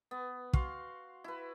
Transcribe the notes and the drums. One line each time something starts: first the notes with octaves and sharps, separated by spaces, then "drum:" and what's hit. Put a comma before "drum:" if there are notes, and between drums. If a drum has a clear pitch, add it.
B3
F#4 F5 C6, drum: kick
E4 B4